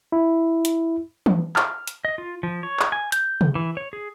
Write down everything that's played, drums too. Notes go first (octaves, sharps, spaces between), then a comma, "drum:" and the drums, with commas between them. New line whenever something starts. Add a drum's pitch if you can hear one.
E4
drum: hi-hat
drum: tom E3
F6, drum: clap
drum: hi-hat
D#5
F4
F3
C#5
drum: clap
G#5
G6, drum: hi-hat
drum: tom C3
E3
C#5
G#4